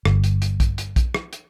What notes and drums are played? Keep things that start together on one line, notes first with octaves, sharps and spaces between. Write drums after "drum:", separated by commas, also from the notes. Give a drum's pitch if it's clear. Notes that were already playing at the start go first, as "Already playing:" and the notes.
G1, drum: rim click
drum: hi-hat
drum: hi-hat
drum: kick A#1, hi-hat
drum: hi-hat
drum: kick A#1, hi-hat
drum: rim click
drum: hi-hat